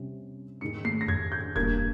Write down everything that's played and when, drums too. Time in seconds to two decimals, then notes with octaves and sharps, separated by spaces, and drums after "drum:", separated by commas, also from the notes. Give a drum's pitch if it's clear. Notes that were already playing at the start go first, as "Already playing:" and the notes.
Already playing: C3 G3 C#4
0.61 G#2 D#3 G#3 C#7
0.85 C7, drum: tom A3
1.01 A#6
1.08 G#6, drum: tom F2
1.32 G6
1.56 G2 G3 A#3 G#6, drum: kick E1